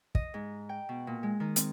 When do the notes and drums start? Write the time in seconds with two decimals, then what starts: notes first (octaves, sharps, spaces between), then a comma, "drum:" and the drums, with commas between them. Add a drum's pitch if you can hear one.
0.15 D#5, drum: kick
0.34 G#2
0.69 G5
0.89 B2
1.07 A#2
1.23 G#3
1.40 D#3
1.56 C4, drum: hi-hat